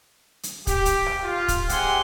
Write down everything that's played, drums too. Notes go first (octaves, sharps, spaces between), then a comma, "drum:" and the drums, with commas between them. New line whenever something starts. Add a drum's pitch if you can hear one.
drum: hi-hat
G4, drum: kick, hi-hat
drum: hi-hat
drum: rim click
F4
drum: kick, hi-hat
G#3 C4 G4 G#4 F#5 C6, drum: hi-hat